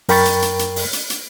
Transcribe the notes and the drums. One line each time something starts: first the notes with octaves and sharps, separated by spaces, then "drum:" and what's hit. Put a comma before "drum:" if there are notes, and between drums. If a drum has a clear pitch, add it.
F#2 A#4 G5 B5 C#6 A6, drum: open hi-hat
drum: hi-hat
drum: hi-hat
drum: hi-hat
drum: open hi-hat
drum: hi-hat
drum: hi-hat